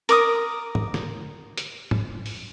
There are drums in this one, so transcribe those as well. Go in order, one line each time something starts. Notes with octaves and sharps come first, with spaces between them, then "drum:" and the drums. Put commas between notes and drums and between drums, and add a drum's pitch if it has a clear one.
A#4 D6 D#6, drum: hi-hat
drum: tom
drum: snare
drum: hi-hat
drum: tom
drum: open hi-hat